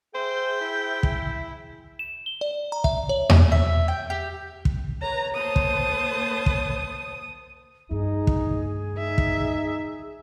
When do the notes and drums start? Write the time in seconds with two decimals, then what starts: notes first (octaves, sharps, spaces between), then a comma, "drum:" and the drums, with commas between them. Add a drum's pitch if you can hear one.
0.15 G#4 C5 E5 G5
0.61 E4
1.03 drum: kick
1.99 E7
2.26 G7
2.41 D5
2.72 A#5
2.84 E5, drum: kick
3.09 C#5
3.29 drum: tom E2
3.52 E5
3.88 G5
4.10 G4
4.65 drum: kick
5.01 B4 C#5 A#5
5.35 A#3 C5 A5 D#6
5.56 drum: kick
6.46 drum: kick
7.91 G2 A3 D#4 G#4
8.27 drum: kick
8.98 D#4 E5
9.18 drum: kick